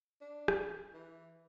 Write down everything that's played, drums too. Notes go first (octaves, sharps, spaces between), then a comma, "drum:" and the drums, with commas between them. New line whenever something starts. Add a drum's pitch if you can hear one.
D4
drum: rim click
E3